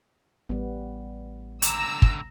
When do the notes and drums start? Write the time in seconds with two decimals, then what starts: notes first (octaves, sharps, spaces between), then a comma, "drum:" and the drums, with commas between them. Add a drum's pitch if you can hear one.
0.49 A1 G3 B3
1.62 C#2 D3 A#5 E6, drum: hi-hat
2.02 drum: kick